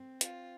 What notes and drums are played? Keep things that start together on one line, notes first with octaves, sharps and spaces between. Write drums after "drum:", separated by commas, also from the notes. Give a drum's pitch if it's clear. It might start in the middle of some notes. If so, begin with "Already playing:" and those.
Already playing: C4
F4, drum: hi-hat